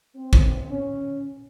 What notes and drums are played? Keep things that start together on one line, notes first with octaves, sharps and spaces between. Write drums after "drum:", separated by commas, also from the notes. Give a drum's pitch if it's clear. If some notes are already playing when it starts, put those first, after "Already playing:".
C4
drum: kick
C#4